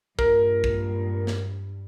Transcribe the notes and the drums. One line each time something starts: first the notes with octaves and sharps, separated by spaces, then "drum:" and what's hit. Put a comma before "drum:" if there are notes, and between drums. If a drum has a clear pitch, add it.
G2 A#2 A#4, drum: kick
drum: kick
drum: snare